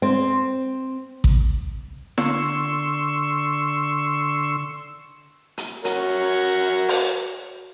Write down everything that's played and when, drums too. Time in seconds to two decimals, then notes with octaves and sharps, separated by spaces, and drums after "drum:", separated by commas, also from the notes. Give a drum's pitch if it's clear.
0.02 C4
1.24 drum: kick A1
2.18 D3 C6 C#6 E6, drum: snare
5.58 drum: hi-hat
5.85 F#4 A#4 C#5, drum: hi-hat
6.89 drum: open hi-hat